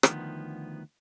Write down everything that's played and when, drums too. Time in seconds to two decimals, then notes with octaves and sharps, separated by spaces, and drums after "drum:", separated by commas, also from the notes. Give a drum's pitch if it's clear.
0.03 D2 D#3 F3 B3, drum: rim click